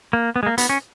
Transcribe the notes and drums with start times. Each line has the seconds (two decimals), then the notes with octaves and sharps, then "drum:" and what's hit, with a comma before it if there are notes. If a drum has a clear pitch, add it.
0.13 A#3
0.36 B3
0.43 G#3
0.46 A#3
0.58 B3, drum: hi-hat
0.69 C#4